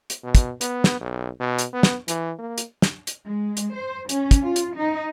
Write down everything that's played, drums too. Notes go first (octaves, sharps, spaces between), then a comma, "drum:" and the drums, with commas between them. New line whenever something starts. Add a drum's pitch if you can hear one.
drum: hi-hat
B2
drum: kick, hi-hat
B3, drum: hi-hat
drum: snare
B1
B2
drum: hi-hat
B3
drum: snare
E3, drum: hi-hat
A#3
drum: hi-hat
drum: snare
drum: hi-hat
G#3
drum: hi-hat
C5
C#4, drum: hi-hat
drum: kick, hi-hat
F4
drum: hi-hat
D#4